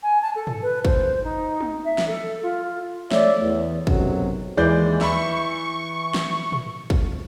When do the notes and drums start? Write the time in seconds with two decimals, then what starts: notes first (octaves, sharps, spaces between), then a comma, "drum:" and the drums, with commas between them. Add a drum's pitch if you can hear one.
0.03 G#5
0.22 A5
0.35 A4
0.47 drum: tom
0.62 B4
0.85 C5, drum: kick
1.24 D#4
1.60 drum: tom
1.85 E5
1.98 drum: snare
2.07 A4
2.43 F4
3.11 A3 C#5 D5 E5, drum: snare
3.42 E2
3.87 B1 F#2 C3 F#3, drum: kick
4.57 D#2 E3 G#3 D5 G6
5.01 E5 B5 C#6, drum: snare
6.14 drum: snare
6.52 drum: tom
6.90 drum: kick